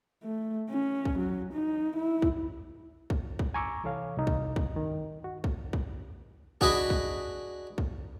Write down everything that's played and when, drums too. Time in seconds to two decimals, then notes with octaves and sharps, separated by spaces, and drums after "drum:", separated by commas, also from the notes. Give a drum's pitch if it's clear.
0.24 A3
0.70 C#4
1.05 drum: kick
1.19 F#3
1.53 D#4
1.96 E4
2.22 drum: kick
3.10 drum: kick
3.39 drum: kick
3.54 G#5 A#5 C#6 D6 E6
3.84 C2 E3 A4 C#5 F5
4.17 C2 D#4
4.27 drum: kick
4.56 drum: kick
4.72 G2 D#3
5.24 F#4
5.44 drum: kick
5.73 drum: kick
6.61 D4 F#4 G#4 B4 D#5, drum: kick
6.90 drum: kick
7.78 drum: kick